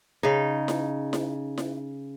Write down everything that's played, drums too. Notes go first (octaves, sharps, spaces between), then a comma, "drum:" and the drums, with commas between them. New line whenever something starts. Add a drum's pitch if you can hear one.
C#3 D#4
drum: snare E4
drum: snare E4
drum: snare E4